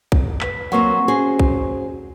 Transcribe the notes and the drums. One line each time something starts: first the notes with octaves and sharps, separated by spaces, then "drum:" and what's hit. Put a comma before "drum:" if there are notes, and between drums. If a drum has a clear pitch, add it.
drum: kick
B4 B6, drum: clap
F#3 A#3 C4 F#5 C#6
C#4 F#4 G#4 C5
drum: kick